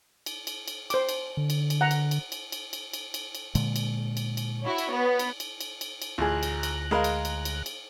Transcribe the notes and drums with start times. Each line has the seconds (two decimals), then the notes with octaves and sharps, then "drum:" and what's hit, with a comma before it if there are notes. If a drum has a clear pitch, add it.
0.26 drum: cymbal
0.47 drum: cymbal
0.68 drum: cymbal
0.90 C5 D6, drum: cymbal
1.09 drum: cymbal
1.37 D3
1.50 drum: cymbal
1.70 drum: cymbal
1.81 F#5 A#5
1.91 drum: cymbal
2.11 drum: cymbal
2.32 drum: cymbal
2.52 drum: cymbal
2.73 drum: cymbal
2.93 drum: cymbal
3.14 drum: cymbal
3.35 drum: cymbal
3.55 A#2 D3 G#3, drum: cymbal
3.76 drum: cymbal
4.17 drum: cymbal
4.37 drum: cymbal
4.63 E4 F#4 C#5
4.78 drum: cymbal
4.93 B3
5.19 drum: cymbal
5.40 drum: cymbal
5.61 drum: cymbal
5.81 drum: cymbal
6.02 drum: cymbal
6.18 A1 D2 F4 G#4 A#5 F#6
6.43 drum: cymbal
6.63 drum: cymbal
6.91 G#3 G#4 A#4 D#5 F5 B5
7.04 drum: cymbal
7.25 drum: cymbal
7.45 drum: cymbal
7.66 drum: cymbal